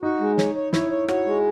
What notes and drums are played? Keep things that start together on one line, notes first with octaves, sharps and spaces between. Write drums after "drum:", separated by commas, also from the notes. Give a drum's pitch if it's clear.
D#4 F#4
G#3
C#5, drum: snare
C#5
E4 C#5, drum: snare
C#5
F#4 C#5, drum: rim click
G#3